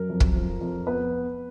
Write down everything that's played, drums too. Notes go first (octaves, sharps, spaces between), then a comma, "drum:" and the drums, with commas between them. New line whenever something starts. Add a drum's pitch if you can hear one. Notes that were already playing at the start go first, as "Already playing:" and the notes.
Already playing: F#2 A#4
F2
drum: kick
F3
F2
B3 B4